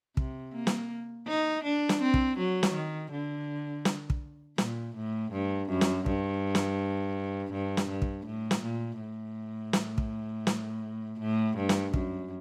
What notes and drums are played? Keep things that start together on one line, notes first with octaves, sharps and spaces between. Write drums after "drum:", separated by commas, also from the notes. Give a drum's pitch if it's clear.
C3, drum: kick
A#3
drum: snare
D#4
D4
drum: snare
C4
drum: kick
F#3
drum: snare
D#3
D3
drum: snare
drum: kick
A#2, drum: snare
A2
G2
F#2
drum: snare
G2, drum: kick
drum: snare
G2
drum: snare
G2
drum: kick
A2
drum: snare
A#2
A2
drum: snare
drum: kick
drum: snare
A2
G2
drum: snare
F#2, drum: kick